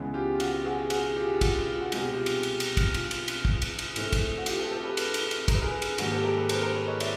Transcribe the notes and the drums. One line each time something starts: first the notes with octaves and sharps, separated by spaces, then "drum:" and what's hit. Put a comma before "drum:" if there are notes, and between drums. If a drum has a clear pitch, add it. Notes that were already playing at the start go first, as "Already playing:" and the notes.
Already playing: C#2 C#3 E3 G#3 B3
F4 G4
F4
F#4, drum: cymbal
F#4 G#4
F#4 G#4, drum: cymbal
F4 G4
F4
F#4, drum: kick, cymbal
F4
F#4
C2 B2 G#3 G4, drum: cymbal
G#4
F4 G4
drum: cymbal
drum: cymbal
drum: cymbal
drum: kick, cymbal
F4, drum: cymbal
drum: cymbal
drum: cymbal
drum: kick
drum: cymbal
drum: cymbal
A2 E3 A3 C4, drum: cymbal
drum: kick, cymbal
F#4
F4 G4, drum: cymbal
G4 A4
G4 A4
A4 B4
drum: cymbal
drum: cymbal
drum: cymbal
A#4, drum: kick, cymbal
B4
G#4 A#4
drum: cymbal
G#2 D#3 G3 A#3 F#4 G#4, drum: cymbal
G4 A4
G#4 A#4
A4 B4
A#4 C5, drum: cymbal
A#4 C5
B4 C#5
C#5 D#5
D5 E5, drum: cymbal